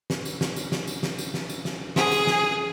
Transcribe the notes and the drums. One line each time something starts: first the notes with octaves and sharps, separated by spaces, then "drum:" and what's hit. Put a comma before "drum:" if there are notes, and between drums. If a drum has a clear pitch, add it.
drum: snare
drum: tambourine
drum: snare
drum: tambourine
drum: snare
drum: tambourine
drum: snare
drum: tambourine
drum: snare
drum: tambourine
drum: snare
G#4, drum: snare
drum: tambourine
drum: snare